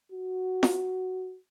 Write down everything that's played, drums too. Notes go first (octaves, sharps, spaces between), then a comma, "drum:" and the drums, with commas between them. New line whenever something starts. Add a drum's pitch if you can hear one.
F#4
drum: snare F4